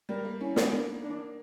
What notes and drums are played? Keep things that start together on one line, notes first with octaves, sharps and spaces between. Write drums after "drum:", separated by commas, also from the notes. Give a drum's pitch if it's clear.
G3 A#4
A#3
C#4 E4
B3, drum: snare
A#3 D4
D4